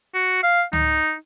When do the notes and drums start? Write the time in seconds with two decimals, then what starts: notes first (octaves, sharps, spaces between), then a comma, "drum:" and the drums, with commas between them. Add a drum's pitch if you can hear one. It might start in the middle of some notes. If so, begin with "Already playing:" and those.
0.14 F#4
0.43 F5
0.73 D#4, drum: tom C#2